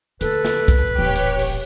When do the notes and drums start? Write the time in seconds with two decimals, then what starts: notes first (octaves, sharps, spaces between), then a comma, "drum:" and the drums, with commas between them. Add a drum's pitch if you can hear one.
0.21 D3 A3 A4 B4, drum: hi-hat
0.45 drum: snare
0.68 drum: kick, hi-hat
0.98 D#1 A1 G4 C#5 G5
1.16 drum: hi-hat
1.39 drum: open hi-hat